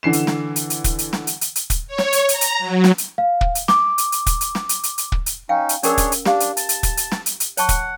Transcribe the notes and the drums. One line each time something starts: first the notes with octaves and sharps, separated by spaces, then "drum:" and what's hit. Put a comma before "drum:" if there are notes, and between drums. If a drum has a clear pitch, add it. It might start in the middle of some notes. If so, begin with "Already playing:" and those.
D3 E3 C7 E7
drum: hi-hat
drum: snare
drum: hi-hat
drum: hi-hat
drum: kick, hi-hat
drum: hi-hat
drum: snare
drum: hi-hat
drum: hi-hat
drum: hi-hat
drum: kick, hi-hat
C#5
drum: snare
drum: hi-hat
A#5, drum: hi-hat
drum: hi-hat
F#3
drum: snare
drum: hi-hat
F5
drum: kick
drum: hi-hat
D6, drum: snare
drum: hi-hat
drum: hi-hat
drum: kick, hi-hat
drum: hi-hat
drum: snare
drum: hi-hat
drum: hi-hat
drum: hi-hat
drum: kick
drum: hi-hat
C#4 D#4 F5 G5
drum: hi-hat
C#4 D4 G#4 A#4 C#5 E6, drum: hi-hat
drum: kick, hi-hat
drum: hi-hat
D4 G4 F5, drum: snare
drum: hi-hat
A5, drum: hi-hat
drum: hi-hat
drum: kick, hi-hat
drum: hi-hat
drum: snare
drum: hi-hat
drum: hi-hat
C#5 F#5 A5 C#6, drum: hi-hat
drum: kick, hi-hat